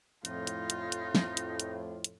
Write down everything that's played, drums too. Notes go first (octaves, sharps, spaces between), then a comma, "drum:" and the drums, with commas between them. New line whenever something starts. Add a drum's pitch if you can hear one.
F2 A2 D#4 F4, drum: hi-hat
drum: hi-hat
drum: hi-hat
drum: hi-hat
drum: snare
drum: hi-hat
drum: hi-hat
drum: hi-hat